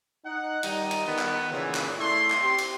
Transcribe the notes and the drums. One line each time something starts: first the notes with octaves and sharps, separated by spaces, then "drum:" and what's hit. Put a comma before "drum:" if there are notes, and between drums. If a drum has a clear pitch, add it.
D#4 F#5
D#3 G3 D#4, drum: cymbal
drum: cymbal
D#3 B3
drum: clap
A#2 C#3 E3
drum: clap
A3 E4 D5 C6
drum: clap
C4 G4 C6
drum: cymbal